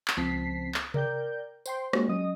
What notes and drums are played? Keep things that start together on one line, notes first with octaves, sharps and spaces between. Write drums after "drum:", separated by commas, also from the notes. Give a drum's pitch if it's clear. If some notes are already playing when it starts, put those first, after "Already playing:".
drum: clap
C#2 F3 C4 A5 B6 C7
drum: clap
A#4 D5 G5 G6, drum: tom C3
C5 G5 C6, drum: tambourine
G#3 A#3 D4 F#4 G4, drum: rim click
F#3 C#4 D#5 D#6